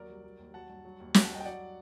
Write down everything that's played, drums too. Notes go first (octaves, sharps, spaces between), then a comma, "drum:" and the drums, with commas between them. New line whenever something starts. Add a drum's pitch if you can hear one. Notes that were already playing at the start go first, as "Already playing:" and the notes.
Already playing: D#2 F#3 A#4 D5
C2
F#3
D#2
F#3 F#5 A5
G2
F#3
D#2
F#3 G5 A#5, drum: snare
F#5 A5
G2 D#5 G5
G5
F#3 D5 F#5